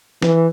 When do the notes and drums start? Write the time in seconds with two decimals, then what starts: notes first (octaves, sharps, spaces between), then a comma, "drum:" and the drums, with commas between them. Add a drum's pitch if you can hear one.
0.22 E3, drum: snare